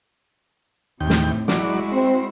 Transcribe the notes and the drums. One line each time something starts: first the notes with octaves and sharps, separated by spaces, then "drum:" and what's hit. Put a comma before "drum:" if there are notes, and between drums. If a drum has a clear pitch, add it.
D#2 A2 C3 G5
drum: snare
F#3 G#3 E4 F#4 D5, drum: snare
C4 C5